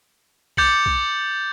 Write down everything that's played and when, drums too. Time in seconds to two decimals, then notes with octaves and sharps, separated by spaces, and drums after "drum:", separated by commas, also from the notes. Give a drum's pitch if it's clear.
0.57 D6 G6 A6 C#7 F#7, drum: kick B1
0.86 drum: kick B1